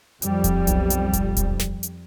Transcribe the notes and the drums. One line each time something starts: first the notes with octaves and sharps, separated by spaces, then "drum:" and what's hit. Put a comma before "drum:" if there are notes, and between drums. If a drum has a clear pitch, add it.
F2 G3, drum: hi-hat
drum: kick D#1, hi-hat
B1, drum: hi-hat
drum: hi-hat
drum: kick D#1, hi-hat
drum: kick D#1, hi-hat
drum: snare
drum: hi-hat